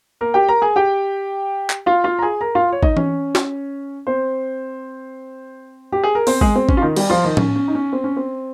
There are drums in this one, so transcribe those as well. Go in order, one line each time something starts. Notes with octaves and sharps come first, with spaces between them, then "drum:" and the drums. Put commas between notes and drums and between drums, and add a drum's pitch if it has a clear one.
A#3 A#4
G4 G5
A#4 A#5
G#4 G#5
G4 G5
drum: clap
F4 F5
F4 F5
A#5
G#4 G#5
A#4 A#5
F4 F5
C#5
D#4 D#5, drum: kick
C#4 C#5, drum: tom E3
drum: snare
C4 C5
G4
G#4
A#4
C4 C5, drum: open hi-hat
G#3 G#4, drum: kick
C4
C#4, drum: kick
F4
D#3 D#4
G3 G4, drum: cymbal
F3 F4
D#3 D#4
C#4, drum: tom A2
C#4
D#4
C#4
C4
C#4
C4